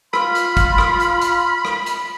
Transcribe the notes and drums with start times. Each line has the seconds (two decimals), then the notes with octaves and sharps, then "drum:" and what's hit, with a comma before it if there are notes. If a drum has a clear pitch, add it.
0.14 F4 B5 C6 F6, drum: rim click
0.35 drum: hi-hat
0.57 drum: kick, hi-hat
0.78 drum: rim click
1.00 drum: hi-hat
1.21 drum: hi-hat
1.65 drum: rim click
1.86 drum: hi-hat